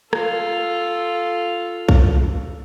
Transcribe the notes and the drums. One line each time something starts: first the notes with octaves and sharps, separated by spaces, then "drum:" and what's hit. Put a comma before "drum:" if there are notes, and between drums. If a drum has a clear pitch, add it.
F4 A4, drum: rim click
drum: kick B1